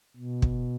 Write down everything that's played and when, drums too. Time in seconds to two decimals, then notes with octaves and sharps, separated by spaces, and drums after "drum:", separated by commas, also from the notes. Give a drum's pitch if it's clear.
0.17 B2
0.42 drum: kick